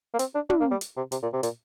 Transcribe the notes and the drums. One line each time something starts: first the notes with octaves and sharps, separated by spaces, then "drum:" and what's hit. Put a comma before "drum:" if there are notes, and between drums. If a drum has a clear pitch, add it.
A#3
C4, drum: hi-hat
D4
D4, drum: tom
A#3
G3
drum: hi-hat
C3
C3, drum: hi-hat
A#2
C3
A#2, drum: hi-hat